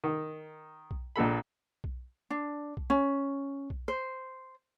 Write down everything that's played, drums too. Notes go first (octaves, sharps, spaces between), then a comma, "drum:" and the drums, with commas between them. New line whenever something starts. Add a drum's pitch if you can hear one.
D#3
drum: kick B1
A#1 A#2 A4 B5
drum: kick B1
D4
drum: kick B1
C#4
drum: kick B1
C5